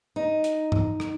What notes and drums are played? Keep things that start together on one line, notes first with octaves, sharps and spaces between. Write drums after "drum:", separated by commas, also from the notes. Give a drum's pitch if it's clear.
D#4
drum: hi-hat
drum: tom G2
drum: rim click